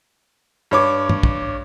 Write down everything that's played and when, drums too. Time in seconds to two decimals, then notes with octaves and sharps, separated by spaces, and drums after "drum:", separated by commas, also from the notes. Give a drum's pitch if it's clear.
0.71 G2 C#5 D6
1.09 drum: tom
1.23 drum: kick